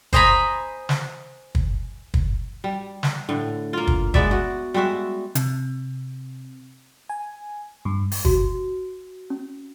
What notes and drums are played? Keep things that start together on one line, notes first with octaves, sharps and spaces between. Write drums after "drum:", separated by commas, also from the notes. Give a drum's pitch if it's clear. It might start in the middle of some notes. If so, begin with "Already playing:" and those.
C5 D#5 G#5 A#5 B5, drum: kick
drum: snare
drum: kick
drum: kick
G3
drum: snare
A2 D3
A#3 F4
drum: kick
G#3 B3 D5 E5, drum: kick
F#4
G3 G#3 F#4 E5
C3, drum: hi-hat
G#5
G2
drum: open hi-hat
F#4, drum: kick
C#4